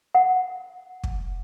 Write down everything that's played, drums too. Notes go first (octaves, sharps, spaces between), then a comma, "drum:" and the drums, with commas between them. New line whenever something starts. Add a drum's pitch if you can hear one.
F#5
drum: kick